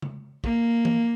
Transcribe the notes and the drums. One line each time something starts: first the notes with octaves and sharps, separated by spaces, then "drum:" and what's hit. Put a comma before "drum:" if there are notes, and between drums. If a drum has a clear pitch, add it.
drum: tom C#3
A#3, drum: kick
drum: tom E3